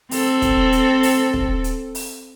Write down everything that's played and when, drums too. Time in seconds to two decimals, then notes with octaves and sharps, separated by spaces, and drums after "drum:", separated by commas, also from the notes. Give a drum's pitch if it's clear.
0.11 C4 A4, drum: open hi-hat
0.42 drum: kick, hi-hat
0.72 drum: hi-hat
1.03 drum: open hi-hat
1.34 drum: kick
1.64 drum: hi-hat
1.95 drum: open hi-hat